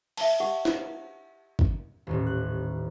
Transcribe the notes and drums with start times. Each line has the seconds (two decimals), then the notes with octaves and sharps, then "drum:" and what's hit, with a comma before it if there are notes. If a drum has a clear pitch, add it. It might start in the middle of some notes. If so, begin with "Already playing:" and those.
0.17 E5 A5, drum: cymbal
0.40 G4 F#5
0.65 drum: snare
1.59 drum: kick
2.07 D#1 A1
2.26 F#6